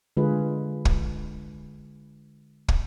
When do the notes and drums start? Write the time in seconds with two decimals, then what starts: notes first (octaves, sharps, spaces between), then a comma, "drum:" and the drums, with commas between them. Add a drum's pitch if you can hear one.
0.17 D3 G#3 F4 G#4 B4
0.85 drum: kick
2.68 drum: kick